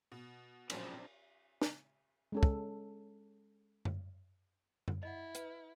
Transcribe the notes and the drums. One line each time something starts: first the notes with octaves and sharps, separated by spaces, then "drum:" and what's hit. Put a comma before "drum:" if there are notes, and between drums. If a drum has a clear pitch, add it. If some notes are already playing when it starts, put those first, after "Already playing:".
B2
A#1 C#3 F3 F#3 C4 D4 C5 E7, drum: cymbal
drum: snare
G#3 C#4 A4
drum: kick
drum: tom F#2
drum: tom F#2
E4 D#5 F#5
B4, drum: hi-hat